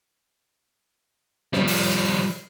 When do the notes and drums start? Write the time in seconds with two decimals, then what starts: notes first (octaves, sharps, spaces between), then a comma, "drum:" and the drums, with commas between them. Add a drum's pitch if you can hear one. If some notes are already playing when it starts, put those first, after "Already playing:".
1.53 F3 G3, drum: snare
1.67 drum: open hi-hat